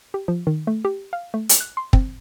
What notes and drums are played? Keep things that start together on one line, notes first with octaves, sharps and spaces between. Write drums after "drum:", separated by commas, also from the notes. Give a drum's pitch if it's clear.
G4
F3
D#3
A3
G4
F5
A3
drum: hi-hat
F#6
C6
C4, drum: kick